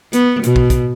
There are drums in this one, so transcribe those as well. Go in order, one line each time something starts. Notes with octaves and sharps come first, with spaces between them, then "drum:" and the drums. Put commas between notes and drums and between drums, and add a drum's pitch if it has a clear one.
B3, drum: hi-hat
B2, drum: hi-hat
drum: kick
drum: kick, hi-hat